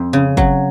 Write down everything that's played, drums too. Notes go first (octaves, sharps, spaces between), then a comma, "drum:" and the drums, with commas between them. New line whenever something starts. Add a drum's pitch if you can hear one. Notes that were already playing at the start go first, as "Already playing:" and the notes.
Already playing: F2
C#3
F#3, drum: kick